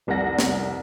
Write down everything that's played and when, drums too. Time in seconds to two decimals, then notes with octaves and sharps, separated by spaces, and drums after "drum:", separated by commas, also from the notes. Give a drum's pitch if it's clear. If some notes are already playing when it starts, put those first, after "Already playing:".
0.07 F1 C2 D5 F#5 A#6
0.39 drum: snare